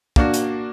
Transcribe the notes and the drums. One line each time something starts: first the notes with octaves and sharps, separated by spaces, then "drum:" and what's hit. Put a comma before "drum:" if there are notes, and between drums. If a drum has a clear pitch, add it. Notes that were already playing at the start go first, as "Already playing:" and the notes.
A#3 D4 F#4, drum: kick
drum: hi-hat